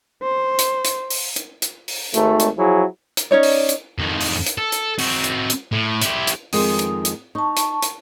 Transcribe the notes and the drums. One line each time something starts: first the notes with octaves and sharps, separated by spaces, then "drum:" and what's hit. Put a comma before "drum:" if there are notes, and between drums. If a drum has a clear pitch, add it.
C5
drum: hi-hat
drum: hi-hat
drum: open hi-hat
drum: hi-hat
drum: hi-hat
drum: open hi-hat
G#1 A3, drum: hi-hat
drum: hi-hat
F3 F#3 E4 G#4
drum: hi-hat
C#4 D#4 C#5 D5
drum: open hi-hat
drum: hi-hat
F2 D#3
drum: open hi-hat
drum: hi-hat
A4
drum: hi-hat
C4 F#4, drum: open hi-hat
drum: hi-hat
drum: hi-hat
A2
E4 G4, drum: hi-hat
drum: hi-hat
F2 D#3 G#3 D#6, drum: open hi-hat
drum: hi-hat
drum: hi-hat
D#4 A5 C#6
drum: hi-hat
drum: hi-hat